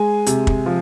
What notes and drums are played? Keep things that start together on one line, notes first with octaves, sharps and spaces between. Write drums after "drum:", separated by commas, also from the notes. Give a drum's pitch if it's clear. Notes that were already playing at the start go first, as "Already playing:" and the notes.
Already playing: G#3 G#5
C3, drum: hi-hat
drum: kick
F3